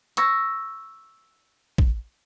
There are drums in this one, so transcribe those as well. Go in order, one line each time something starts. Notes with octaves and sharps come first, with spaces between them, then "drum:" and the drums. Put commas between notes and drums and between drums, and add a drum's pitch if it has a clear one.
C#6 E6 A#6, drum: hi-hat
drum: kick A#1